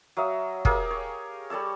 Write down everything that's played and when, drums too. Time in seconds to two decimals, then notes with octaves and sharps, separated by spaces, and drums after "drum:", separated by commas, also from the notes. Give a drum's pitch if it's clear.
0.17 F#3 E5 F5 D#6
0.65 G4 G#4 A#4 F5, drum: kick
0.91 C#5
1.50 G3 A4 C#5 E6